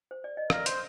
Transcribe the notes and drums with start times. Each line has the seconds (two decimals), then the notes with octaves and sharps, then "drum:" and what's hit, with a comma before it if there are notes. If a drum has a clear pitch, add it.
0.11 C5
0.24 D5
0.37 D#5
0.50 A#4 D5 F5, drum: rim click
0.66 C5, drum: hi-hat